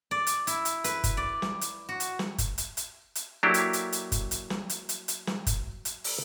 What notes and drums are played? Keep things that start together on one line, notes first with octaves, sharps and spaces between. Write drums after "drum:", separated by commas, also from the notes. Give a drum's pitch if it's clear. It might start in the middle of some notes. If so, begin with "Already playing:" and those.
D5
drum: hi-hat
E4, drum: hi-hat
drum: hi-hat
B4, drum: hi-hat
drum: kick F#1, hi-hat
D5
drum: snare
drum: hi-hat
F#4
drum: hi-hat
drum: snare
drum: kick F#1, hi-hat
drum: hi-hat
drum: hi-hat
drum: hi-hat
F#3 A#3 D4 E4 G4 A4
drum: hi-hat
drum: hi-hat
drum: hi-hat
drum: kick F#1, hi-hat
drum: hi-hat
drum: snare
drum: hi-hat
drum: hi-hat
drum: hi-hat
drum: snare
drum: kick F#1, hi-hat
drum: hi-hat
drum: open hi-hat